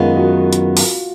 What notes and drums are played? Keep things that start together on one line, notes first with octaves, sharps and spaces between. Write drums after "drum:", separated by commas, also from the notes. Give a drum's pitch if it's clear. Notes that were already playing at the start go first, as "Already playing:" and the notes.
Already playing: F#2 D#3 G#3 B3 F4
F#4
drum: hi-hat
drum: open hi-hat